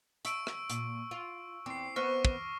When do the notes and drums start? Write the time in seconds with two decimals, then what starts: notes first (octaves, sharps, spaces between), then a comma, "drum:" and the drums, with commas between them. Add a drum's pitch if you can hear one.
0.25 E5 C#6 E6 D7, drum: hi-hat
0.47 drum: rim click
0.70 A#2, drum: hi-hat
1.11 F4
1.66 E2 C4 D6 C7
1.96 B3 C5 E5 C#6 F6 A#6
2.25 drum: kick